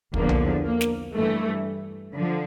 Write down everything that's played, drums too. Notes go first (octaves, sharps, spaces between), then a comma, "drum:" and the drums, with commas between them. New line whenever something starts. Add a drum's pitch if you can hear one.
E2 D3 F3 A#3, drum: kick
drum: tom B1
A#3
drum: snare
G2 E3 A3
D3 F3